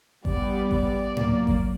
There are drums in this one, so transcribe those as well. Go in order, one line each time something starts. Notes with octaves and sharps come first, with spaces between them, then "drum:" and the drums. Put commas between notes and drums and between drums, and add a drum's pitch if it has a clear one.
G3 B3 D5, drum: kick G#1
D5, drum: kick G#1
F#3 A#3, drum: tom G#2
drum: kick G#1